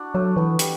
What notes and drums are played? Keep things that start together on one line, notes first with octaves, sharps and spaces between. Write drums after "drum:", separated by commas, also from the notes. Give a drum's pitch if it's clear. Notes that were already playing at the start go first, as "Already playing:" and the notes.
Already playing: D4 E4 F#4
F#3 A3
E3 B3
G3, drum: hi-hat